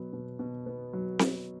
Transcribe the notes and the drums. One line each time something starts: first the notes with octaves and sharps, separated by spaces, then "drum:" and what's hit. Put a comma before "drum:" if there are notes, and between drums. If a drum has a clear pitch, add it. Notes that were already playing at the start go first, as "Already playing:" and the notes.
Already playing: B2 F#3 B3
B2
B2
B3
F#3
drum: snare C4